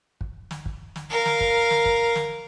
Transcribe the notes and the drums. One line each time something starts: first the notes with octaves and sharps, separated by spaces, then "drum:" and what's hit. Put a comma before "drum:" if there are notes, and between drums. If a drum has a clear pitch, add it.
drum: kick
drum: snare
drum: kick
drum: snare
A#4 F5
drum: snare
drum: kick
drum: snare
drum: kick
drum: snare